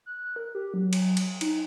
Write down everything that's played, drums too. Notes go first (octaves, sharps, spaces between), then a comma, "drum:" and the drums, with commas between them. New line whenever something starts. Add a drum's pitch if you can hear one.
F#6
A#4
G4
F#3
drum: cymbal
drum: cymbal
D#4, drum: cymbal